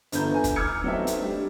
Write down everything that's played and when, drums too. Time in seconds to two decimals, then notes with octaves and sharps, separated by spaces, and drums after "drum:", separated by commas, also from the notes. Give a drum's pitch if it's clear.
0.12 G1 D3 D4 B4 A#5 G6, drum: hi-hat
0.34 G#5
0.44 drum: kick, hi-hat
0.56 D6 E6 F6 G#6 C#7
0.84 F#3 B3 C4 D#4 A4 E5
1.07 drum: hi-hat
1.18 G3 D4